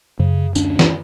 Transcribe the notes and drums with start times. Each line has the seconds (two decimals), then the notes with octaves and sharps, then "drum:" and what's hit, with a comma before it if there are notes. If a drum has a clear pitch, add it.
0.20 F#2 C#3
0.55 D2 C#4 D4, drum: tambourine
0.79 drum: snare